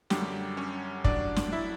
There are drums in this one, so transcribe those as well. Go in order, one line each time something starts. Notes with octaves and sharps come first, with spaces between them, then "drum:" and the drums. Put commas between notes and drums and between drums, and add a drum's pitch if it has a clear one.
F#2 D3 F#3 G3 G4, drum: snare
C#4 C#5
A2 F#3 D4 D5, drum: kick
drum: snare
E4 E5